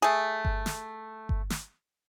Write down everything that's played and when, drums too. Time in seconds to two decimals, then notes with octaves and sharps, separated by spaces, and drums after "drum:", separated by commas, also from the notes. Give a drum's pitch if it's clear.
0.02 A3 G#4
0.45 drum: kick G1
0.66 drum: snare
1.29 drum: kick G1
1.50 drum: snare